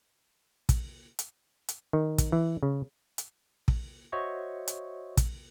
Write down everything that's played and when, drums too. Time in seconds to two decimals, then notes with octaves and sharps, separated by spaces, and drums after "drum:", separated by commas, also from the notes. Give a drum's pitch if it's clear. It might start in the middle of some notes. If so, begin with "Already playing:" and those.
0.69 drum: kick, hi-hat
1.19 drum: hi-hat
1.68 drum: hi-hat
1.93 D#3
2.18 drum: kick, hi-hat
2.32 E3
2.63 C#3
3.18 drum: hi-hat
3.68 drum: kick
4.12 F#4 C5 C#5 D#5 E5 C#6
4.68 drum: hi-hat
5.17 drum: kick, hi-hat